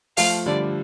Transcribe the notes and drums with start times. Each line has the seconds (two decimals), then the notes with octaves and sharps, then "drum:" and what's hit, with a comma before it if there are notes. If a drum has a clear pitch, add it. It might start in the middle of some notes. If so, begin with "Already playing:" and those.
0.17 F3 A3 F5, drum: open hi-hat
0.46 D3 G3 D5